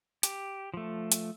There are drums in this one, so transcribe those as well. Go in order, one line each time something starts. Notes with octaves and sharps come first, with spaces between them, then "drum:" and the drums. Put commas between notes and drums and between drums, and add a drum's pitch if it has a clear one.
G4, drum: hi-hat
F3 A3
drum: hi-hat